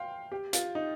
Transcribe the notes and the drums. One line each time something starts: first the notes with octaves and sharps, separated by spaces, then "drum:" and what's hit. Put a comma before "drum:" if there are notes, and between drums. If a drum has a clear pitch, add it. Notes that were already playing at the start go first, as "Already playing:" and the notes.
Already playing: F5 G5 C6
G4
F4, drum: hi-hat
D#4